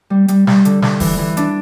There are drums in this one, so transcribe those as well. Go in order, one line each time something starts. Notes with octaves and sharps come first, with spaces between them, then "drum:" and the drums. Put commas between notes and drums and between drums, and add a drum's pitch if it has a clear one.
G3
G3, drum: hi-hat
G3, drum: snare
D3, drum: hi-hat
D3, drum: snare
E3, drum: kick E1, open hi-hat
E3
D4, drum: hi-hat